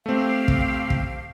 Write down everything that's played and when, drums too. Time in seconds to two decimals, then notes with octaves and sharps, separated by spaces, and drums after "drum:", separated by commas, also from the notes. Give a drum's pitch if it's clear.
0.06 A3 C4 G4 F5
0.48 drum: kick
0.90 drum: kick